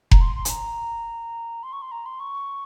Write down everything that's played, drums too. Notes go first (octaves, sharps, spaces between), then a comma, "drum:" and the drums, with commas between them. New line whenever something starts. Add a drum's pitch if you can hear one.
A#5, drum: kick F1
C6
C6
G#5, drum: hi-hat
A#5
C6
C#6
C6
A#5
C6
C#6